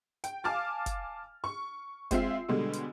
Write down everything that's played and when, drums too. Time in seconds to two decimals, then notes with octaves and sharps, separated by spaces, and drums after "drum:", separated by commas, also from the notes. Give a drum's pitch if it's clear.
0.24 G5, drum: hi-hat
0.44 F5 G#5 A5 D6 F6 A6
0.86 drum: kick, hi-hat
1.44 C#6
2.11 G#3 C4 F4 E5 E6 C7, drum: kick, hi-hat
2.48 B2 D3 G3 G#3
2.73 drum: hi-hat